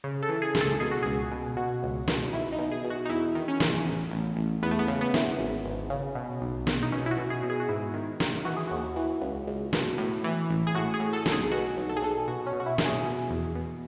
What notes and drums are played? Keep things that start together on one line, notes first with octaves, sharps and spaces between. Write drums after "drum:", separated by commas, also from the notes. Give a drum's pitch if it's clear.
C#3
A4
E3
G#4
C#2, drum: snare
A4
B2 G#4
F#4
C#2 G#4
B2
B2 F#4
C#2
B2, drum: snare
B1 E4
D#4
B2
G#4
B2
F#4
D#4
E2 E4
D#3
C#4
E2, drum: snare
A1
A1
A1
E2 B3
A3
B3
C#3
B3
E3, drum: snare
G#1
G#1
C#3
B2
B1
B2, drum: snare
D#4
B2 C#4
E4
F#4
B2
G#4
B2
G#4
F#4
G#2 E4
D#3
D#3, drum: snare
E3 F#4
G#4
D#2 F#4
E3
C#2
C#2
B2, drum: snare
A2
E3
A1
G#4
A2 F#4
G#4
A2
A4
B1, drum: snare
G#4
B2 F#4
B1
A4
G#4
B1 A4
B2 F#4
C#4
B2
F#4
E4
B2, drum: snare
G#4
B2
E2
B2